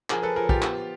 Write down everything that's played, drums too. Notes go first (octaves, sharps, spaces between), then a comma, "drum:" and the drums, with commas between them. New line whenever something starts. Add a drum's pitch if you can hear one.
F3 G#4 A#4, drum: clap
A4 B4
F3 G#4 A#4
F4 G4, drum: kick
B3, drum: clap